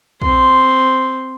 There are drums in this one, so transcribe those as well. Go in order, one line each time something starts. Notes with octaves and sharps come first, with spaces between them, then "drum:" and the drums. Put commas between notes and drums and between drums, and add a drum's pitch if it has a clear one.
C4 C6, drum: kick